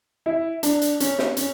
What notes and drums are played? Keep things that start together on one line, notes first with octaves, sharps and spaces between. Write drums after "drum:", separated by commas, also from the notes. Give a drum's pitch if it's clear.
E4
D4, drum: hi-hat
drum: hi-hat
C#4, drum: hi-hat
drum: snare
C#4, drum: hi-hat